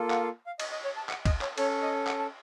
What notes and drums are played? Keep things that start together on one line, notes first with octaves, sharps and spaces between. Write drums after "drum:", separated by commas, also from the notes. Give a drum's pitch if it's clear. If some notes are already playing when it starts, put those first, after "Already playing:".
Already playing: A#3 F4 A4
F#5, drum: clap
F5
F5
D#5, drum: cymbal
D#5
C#5
A5
F#5, drum: clap
D#5, drum: kick, cymbal
C#5, drum: clap
C#4 A4 C#5, drum: cymbal
D#5
F#5, drum: clap
A5